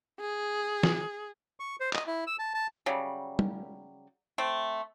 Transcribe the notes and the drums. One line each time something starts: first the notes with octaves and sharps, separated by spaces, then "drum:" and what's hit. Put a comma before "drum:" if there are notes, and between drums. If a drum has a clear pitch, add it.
G#4
drum: snare
C#6
C5
D#5, drum: clap
E4
E6
A5
A5
C#3 F#3 G3
drum: tom
A3 C4